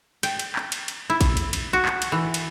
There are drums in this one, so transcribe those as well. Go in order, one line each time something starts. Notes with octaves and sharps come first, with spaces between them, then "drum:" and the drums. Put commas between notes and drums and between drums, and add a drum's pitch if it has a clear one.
G5, drum: cymbal
drum: cymbal
drum: clap
drum: cymbal
drum: cymbal
E4
drum: kick A1, cymbal
drum: cymbal
drum: cymbal
F#4
drum: clap
drum: cymbal
E3
drum: cymbal